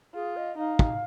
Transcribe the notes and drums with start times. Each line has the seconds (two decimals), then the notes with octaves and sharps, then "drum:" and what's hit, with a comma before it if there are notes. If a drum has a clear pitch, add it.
0.14 F4 G#4
0.37 D#5
0.57 D#4 F5
0.79 drum: kick